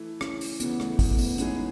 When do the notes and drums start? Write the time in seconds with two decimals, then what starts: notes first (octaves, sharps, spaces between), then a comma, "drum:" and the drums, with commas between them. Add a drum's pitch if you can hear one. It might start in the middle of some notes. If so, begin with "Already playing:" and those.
Already playing: E3 A3 E4
0.21 C#4, drum: rim click
0.41 drum: open hi-hat
0.60 E2 C#3 E3 B3, drum: hi-hat
0.80 A3, drum: rim click
0.99 A3, drum: kick, open hi-hat
1.18 B3, drum: open hi-hat
1.38 A2 E3 G#3 C#4 D#4 G#4, drum: hi-hat